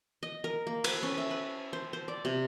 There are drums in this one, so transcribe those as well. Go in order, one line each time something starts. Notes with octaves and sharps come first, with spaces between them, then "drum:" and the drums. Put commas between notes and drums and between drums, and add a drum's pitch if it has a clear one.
D#5
A#4
A#3
B4, drum: cymbal
C#4
E5
B4
C5
C5
D5
C3